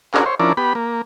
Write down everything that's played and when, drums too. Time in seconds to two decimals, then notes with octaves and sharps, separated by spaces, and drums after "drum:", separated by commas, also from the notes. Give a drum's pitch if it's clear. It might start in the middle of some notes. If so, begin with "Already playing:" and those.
0.14 C#4 D4 F#4 G#4 A#4, drum: clap
0.26 C5 C#5
0.40 F3 C#4 D4 E4 A#4 D5
0.57 B3 G4 B5
0.75 A#3